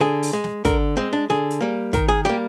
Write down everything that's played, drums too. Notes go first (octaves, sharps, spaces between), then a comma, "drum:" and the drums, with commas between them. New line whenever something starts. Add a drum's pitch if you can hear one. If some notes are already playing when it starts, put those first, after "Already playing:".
D3 G#4
drum: open hi-hat
G#3
drum: snare
D3 A#4, drum: kick, hi-hat
G#3 C4
D4
D3 G#4, drum: snare
drum: hi-hat
G3 A#3
D#3 A#4, drum: kick, hi-hat
G#4
G3 A#3 G4